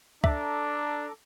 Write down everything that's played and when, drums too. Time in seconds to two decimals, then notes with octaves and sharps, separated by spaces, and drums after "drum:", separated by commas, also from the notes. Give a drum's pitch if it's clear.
0.24 D4 A4 E5 A#5 D6, drum: kick